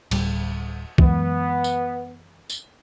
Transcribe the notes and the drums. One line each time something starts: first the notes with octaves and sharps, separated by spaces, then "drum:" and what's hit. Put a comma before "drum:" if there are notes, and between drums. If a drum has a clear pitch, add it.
D1 G3, drum: cymbal
F#2 E3 G#3 B3, drum: kick
drum: tambourine
drum: tambourine